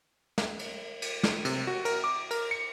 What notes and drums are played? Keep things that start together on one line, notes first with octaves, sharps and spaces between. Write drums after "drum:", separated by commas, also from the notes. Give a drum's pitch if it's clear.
drum: snare
drum: cymbal
drum: cymbal
drum: snare
C3, drum: cymbal
F#4
A#4, drum: cymbal
D6
A#4, drum: cymbal
C#7